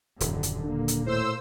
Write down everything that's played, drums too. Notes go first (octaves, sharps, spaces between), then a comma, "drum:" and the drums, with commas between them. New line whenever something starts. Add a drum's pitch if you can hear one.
D#1 F#2 D3 D#3, drum: hi-hat
drum: hi-hat
A#2 D3 A#3
drum: hi-hat
A2 C5 E6